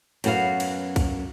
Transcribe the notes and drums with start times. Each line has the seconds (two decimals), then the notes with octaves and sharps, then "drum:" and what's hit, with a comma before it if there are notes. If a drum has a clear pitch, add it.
0.24 F#2 B3 F#4 B4 F5, drum: cymbal
0.60 drum: cymbal
0.96 drum: kick, cymbal